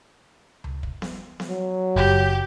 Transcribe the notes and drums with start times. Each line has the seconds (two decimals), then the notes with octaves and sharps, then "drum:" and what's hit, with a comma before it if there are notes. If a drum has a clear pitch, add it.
0.64 drum: tom C#2
0.83 drum: kick
1.02 drum: snare B3
1.40 drum: snare B3
1.49 F#3
1.96 F#1 G4